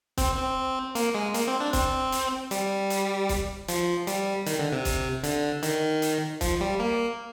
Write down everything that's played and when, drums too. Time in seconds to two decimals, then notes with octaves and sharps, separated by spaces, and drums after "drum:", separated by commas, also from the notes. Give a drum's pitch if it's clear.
0.17 C4, drum: kick, hi-hat
0.37 C4
0.95 A#3, drum: hi-hat
1.15 G#3
1.34 A#3, drum: hi-hat
1.47 C4
1.60 D4
1.73 C4, drum: kick, hi-hat
2.12 drum: hi-hat
2.51 G3, drum: hi-hat
2.90 drum: hi-hat
3.29 drum: kick, hi-hat
3.68 F3, drum: hi-hat
4.07 G3, drum: hi-hat
4.46 D#3, drum: hi-hat
4.59 D3
4.72 C3
4.85 drum: kick, hi-hat
5.24 D3, drum: hi-hat
5.63 D#3, drum: hi-hat
6.02 drum: hi-hat
6.41 F3, drum: kick, hi-hat
6.61 G3
6.80 A#3